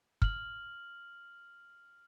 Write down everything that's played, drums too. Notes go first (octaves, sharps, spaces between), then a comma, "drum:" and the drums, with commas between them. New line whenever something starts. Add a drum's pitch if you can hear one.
F6 F#7, drum: kick